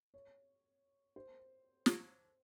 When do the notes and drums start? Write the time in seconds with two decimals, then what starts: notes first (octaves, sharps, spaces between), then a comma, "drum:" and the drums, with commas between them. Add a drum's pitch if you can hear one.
0.14 C#5
1.16 C5
1.86 drum: snare